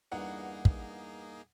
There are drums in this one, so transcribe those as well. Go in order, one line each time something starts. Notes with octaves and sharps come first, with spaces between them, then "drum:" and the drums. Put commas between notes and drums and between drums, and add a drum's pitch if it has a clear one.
E2 G2 A#3 D#4 G#4 F#5
drum: kick